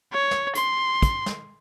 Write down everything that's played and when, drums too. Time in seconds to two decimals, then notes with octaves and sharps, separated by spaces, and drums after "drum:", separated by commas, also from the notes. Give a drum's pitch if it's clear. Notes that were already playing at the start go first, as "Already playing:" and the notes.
0.13 C#5
0.31 drum: snare
0.55 C6, drum: hi-hat
1.02 drum: kick, hi-hat
1.26 drum: snare